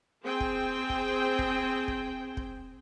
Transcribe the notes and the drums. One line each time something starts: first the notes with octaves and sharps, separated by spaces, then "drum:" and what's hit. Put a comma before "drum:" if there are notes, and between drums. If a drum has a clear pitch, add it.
C4 G#4 C5 G5
drum: kick
drum: kick
drum: kick
drum: kick
drum: kick